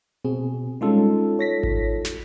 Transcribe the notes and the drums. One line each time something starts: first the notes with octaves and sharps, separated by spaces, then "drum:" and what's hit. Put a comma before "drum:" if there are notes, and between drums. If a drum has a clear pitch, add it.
B2 C4 G#4
G3 G#3 C#4 D#4 F4 A4
C#5 A#6 B6
drum: kick G#1
drum: snare